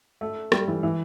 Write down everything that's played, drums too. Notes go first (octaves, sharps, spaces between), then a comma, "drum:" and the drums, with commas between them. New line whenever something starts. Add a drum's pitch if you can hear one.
A3
G3, drum: rim click
E3
E3